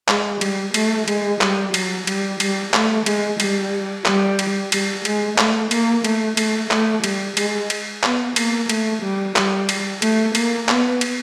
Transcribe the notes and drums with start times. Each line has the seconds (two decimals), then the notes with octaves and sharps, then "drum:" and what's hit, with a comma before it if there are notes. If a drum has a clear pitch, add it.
0.08 G#3, drum: clap
0.41 G3, drum: cymbal
0.74 A3, drum: cymbal
1.08 G#3, drum: cymbal
1.41 G3, drum: clap
1.74 F#3, drum: cymbal
2.07 G3, drum: cymbal
2.40 G3, drum: cymbal
2.74 A3, drum: clap
3.06 G#3, drum: cymbal
3.40 G3, drum: cymbal
4.05 G3, drum: clap
4.39 drum: cymbal
4.72 G3, drum: cymbal
5.05 G#3, drum: cymbal
5.38 A3, drum: clap
5.71 A#3, drum: cymbal
6.04 A3, drum: cymbal
6.37 A3, drum: cymbal
6.71 A3, drum: clap
7.04 G3, drum: cymbal
7.37 G#3, drum: cymbal
7.70 drum: cymbal
8.03 B3, drum: clap
8.36 A#3, drum: cymbal
8.69 A3, drum: cymbal
9.03 G3
9.36 G3, drum: clap
9.69 drum: cymbal
10.02 A3, drum: cymbal
10.35 A#3, drum: cymbal
10.69 B3, drum: clap
11.01 drum: cymbal